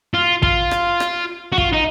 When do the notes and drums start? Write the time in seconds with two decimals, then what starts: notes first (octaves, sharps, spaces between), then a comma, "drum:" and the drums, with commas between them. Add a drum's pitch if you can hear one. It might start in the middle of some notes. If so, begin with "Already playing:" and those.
0.14 F4
0.43 F4, drum: kick
0.71 drum: rim click
1.00 drum: rim click
1.52 F#4
1.58 F4, drum: kick
1.73 D#4